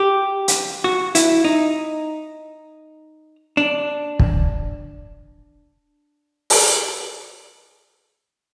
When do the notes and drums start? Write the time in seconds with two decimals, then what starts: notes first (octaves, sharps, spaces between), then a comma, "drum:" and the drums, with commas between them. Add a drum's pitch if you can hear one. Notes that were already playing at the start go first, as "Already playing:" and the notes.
Already playing: G4
0.48 drum: hi-hat
0.84 F#4
1.15 E4, drum: hi-hat
1.45 D#4
3.57 D4
4.19 drum: kick
6.50 drum: open hi-hat